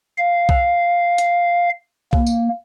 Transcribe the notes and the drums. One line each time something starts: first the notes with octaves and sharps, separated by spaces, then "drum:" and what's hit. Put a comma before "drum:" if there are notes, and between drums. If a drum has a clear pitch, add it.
F5
drum: kick B1
drum: hi-hat
A#3, drum: kick B1
drum: tambourine